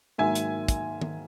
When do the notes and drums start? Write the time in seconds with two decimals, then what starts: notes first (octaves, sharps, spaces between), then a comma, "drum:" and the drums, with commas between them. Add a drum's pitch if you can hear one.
0.18 G#2 D#3 F#3 A#3 E5 G#5
0.35 drum: hi-hat
0.68 drum: kick, hi-hat
1.01 drum: tom D#3